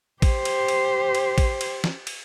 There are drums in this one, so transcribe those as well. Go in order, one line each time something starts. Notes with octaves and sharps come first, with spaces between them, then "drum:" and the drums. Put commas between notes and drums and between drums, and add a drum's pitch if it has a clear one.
G4 C5, drum: kick, cymbal
drum: cymbal
drum: cymbal
drum: cymbal
drum: kick, cymbal
drum: cymbal
drum: snare
drum: cymbal